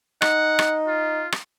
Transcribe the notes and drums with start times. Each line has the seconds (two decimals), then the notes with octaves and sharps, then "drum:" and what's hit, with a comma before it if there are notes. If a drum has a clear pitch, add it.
0.22 D#4 F#5, drum: rim click
0.59 drum: rim click
0.87 F4
1.32 drum: rim click